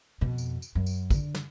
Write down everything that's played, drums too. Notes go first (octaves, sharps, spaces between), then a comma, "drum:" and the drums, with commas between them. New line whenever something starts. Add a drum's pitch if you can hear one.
F2 B2
drum: tambourine
drum: tambourine
F#2
drum: tambourine
D3, drum: kick, tambourine
drum: snare